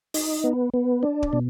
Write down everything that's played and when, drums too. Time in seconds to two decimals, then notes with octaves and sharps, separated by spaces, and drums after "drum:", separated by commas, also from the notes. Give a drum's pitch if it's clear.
0.14 D#4, drum: open hi-hat
0.44 B3
0.74 B3
1.03 D4
1.23 drum: kick D1
1.33 B2